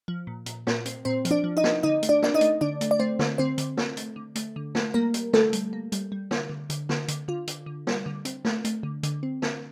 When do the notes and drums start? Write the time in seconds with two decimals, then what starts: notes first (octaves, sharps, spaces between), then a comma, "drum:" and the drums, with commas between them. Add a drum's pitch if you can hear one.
0.08 F3
0.27 A#2
0.46 A#2, drum: hi-hat
0.67 A#2, drum: snare
0.86 C4, drum: hi-hat
1.05 A#2 C4 C5
1.25 F3, drum: hi-hat
1.31 D4 D5
1.44 F3
1.57 D#4 D#5
1.64 C4, drum: snare
1.83 D3 D#4 D#5
2.03 A3, drum: hi-hat
2.09 D4 D5
2.22 C4 D5, drum: snare
2.34 D#4 D#5
2.41 A3, drum: hi-hat
2.61 D3 D4 D5
2.81 A3, drum: hi-hat
2.91 D5
2.99 A3 C4 C5
3.19 D3, drum: snare
3.38 D3 C4 C5
3.58 D3, drum: hi-hat
3.77 A3, drum: snare
3.97 A3, drum: hi-hat
4.16 D3
4.36 A3, drum: hi-hat
4.56 D3
4.75 A3, drum: snare
4.94 G3 A#3 A#4
5.14 G3, drum: hi-hat
5.33 D3 A3 A4, drum: snare
5.53 G3, drum: hi-hat
5.73 A#3
5.92 G3, drum: hi-hat
6.12 G3
6.31 D3, drum: snare
6.50 D3
6.70 D3, drum: hi-hat
6.89 D3, drum: snare
7.08 D3, drum: hi-hat
7.28 D3 F4
7.48 D3, drum: hi-hat
7.66 D3
7.87 G3, drum: snare
8.06 D3
8.25 C4, drum: hi-hat
8.45 A3, drum: snare
8.65 A3, drum: hi-hat
8.83 D3
9.03 D3, drum: hi-hat
9.23 C4
9.42 D3, drum: snare